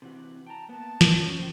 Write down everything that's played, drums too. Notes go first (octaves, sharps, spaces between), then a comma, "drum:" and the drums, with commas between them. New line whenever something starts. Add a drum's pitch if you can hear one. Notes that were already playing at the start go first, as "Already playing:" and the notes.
C3 E3 F#4
G5 A5 A#5
A#3 B3 A5
drum: snare
C#4
C5 G5